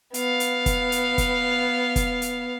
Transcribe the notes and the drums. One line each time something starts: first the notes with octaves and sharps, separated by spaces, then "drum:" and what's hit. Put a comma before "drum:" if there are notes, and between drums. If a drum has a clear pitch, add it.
B3 F5, drum: hi-hat
drum: hi-hat
drum: kick, hi-hat
drum: hi-hat
drum: kick, hi-hat
drum: kick, hi-hat
drum: hi-hat